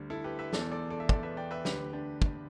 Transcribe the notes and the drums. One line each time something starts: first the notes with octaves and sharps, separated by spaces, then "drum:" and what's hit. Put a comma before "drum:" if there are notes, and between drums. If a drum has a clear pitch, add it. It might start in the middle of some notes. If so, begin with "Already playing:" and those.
Already playing: D2 D3 G3
E4 A4
G4 B4
B4 E5
E1 E2 E3 A4 D5, drum: snare
A4 D5
A4 D5
E5
A4 D5, drum: kick
B4 E5
D5 G5
B4 E5
D2 D3 G4 B4, drum: snare
D4 G4
drum: kick